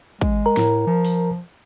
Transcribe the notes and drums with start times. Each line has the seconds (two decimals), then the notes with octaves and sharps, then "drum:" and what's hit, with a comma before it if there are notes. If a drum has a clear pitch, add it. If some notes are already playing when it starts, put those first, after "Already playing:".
0.21 G#3, drum: kick
0.46 A#4 A#5
0.57 A2, drum: snare
0.87 F3
1.05 drum: open hi-hat